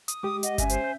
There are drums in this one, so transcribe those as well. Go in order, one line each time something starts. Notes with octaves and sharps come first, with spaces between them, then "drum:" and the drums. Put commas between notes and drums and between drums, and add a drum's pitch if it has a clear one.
D#6, drum: hi-hat
G#3 G4 D6 D#6
D#5 F#5, drum: hi-hat
C#4 E5 G#5, drum: kick G1, hi-hat
C5, drum: hi-hat
G6